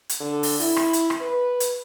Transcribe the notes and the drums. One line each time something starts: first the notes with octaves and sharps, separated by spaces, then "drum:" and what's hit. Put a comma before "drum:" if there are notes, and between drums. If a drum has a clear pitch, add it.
drum: hi-hat
D3
drum: open hi-hat
E4, drum: open hi-hat
drum: rim click
drum: hi-hat
drum: rim click
B4
drum: hi-hat